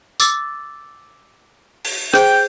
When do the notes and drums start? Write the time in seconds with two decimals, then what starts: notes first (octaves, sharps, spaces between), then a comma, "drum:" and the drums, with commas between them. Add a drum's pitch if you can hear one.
0.20 D6 E6 A6, drum: tambourine
1.85 drum: open hi-hat
2.14 G#4 C5 G5, drum: rim click